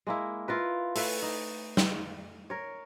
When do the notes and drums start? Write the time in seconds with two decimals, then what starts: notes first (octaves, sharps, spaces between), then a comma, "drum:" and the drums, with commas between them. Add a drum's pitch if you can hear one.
0.07 G#3 A#3 E4
0.48 E4 F4 A#4 B4
0.95 A3 E4 B4, drum: open hi-hat
1.22 D#4
1.77 drum: snare
2.50 A#4 C#5